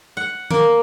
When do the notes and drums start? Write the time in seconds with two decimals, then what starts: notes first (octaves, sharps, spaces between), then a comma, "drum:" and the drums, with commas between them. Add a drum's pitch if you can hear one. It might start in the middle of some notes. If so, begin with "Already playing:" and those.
0.17 F#5
0.51 A#3, drum: tom D#3